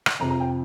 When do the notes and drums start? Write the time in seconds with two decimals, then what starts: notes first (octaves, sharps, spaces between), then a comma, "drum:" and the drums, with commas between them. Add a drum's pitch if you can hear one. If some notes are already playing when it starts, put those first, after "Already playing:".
0.06 drum: rim click
0.20 F2 C3 F3 A#5
0.30 A#5
0.40 G5